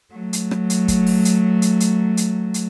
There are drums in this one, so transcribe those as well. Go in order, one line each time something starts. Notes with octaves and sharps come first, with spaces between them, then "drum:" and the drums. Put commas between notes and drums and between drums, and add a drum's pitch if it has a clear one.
F#3 A3
drum: hi-hat
drum: rim click
drum: hi-hat
drum: kick, hi-hat
drum: open hi-hat
drum: hi-hat
drum: hi-hat
drum: hi-hat
drum: hi-hat
drum: hi-hat